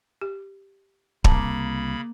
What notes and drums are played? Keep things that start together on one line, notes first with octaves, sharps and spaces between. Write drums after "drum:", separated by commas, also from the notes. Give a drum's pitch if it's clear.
G4
C2 C#3 A#3 A5 B5, drum: kick